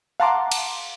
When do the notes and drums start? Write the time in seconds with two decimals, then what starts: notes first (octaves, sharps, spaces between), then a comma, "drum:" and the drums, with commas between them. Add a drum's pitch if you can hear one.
0.20 F5 F#5 A5 A#5 C6 D6
0.52 drum: cymbal